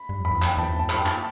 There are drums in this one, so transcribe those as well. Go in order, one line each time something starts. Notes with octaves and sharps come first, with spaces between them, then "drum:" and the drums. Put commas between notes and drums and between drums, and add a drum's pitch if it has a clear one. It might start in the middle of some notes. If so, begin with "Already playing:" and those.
Already playing: B5
G2
F2 B5
E2
F2 G5, drum: clap
E2 A5
G2 A5
F2 B5, drum: clap
G5
A5, drum: clap